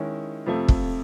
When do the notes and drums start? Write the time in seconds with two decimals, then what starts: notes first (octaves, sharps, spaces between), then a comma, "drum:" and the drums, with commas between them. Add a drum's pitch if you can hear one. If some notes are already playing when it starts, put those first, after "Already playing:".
Already playing: D#3 G#3 C#4 E4
0.46 F2 C3 F3 A3
0.68 drum: kick